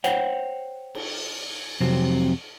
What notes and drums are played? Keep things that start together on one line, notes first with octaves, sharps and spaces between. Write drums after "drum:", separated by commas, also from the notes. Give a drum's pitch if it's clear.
C5 C#5 F#5 G5, drum: hi-hat
drum: cymbal
F2 C3 F#3 C4